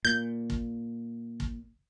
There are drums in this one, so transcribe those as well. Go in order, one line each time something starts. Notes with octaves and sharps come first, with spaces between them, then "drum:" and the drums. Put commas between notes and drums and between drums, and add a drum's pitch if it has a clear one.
A#2 G6
drum: kick
drum: kick